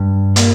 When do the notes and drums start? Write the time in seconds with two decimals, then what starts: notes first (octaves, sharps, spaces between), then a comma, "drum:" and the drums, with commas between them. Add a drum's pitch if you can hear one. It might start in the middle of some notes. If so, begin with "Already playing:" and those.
Already playing: G2
0.36 A#2 G3 A#3, drum: hi-hat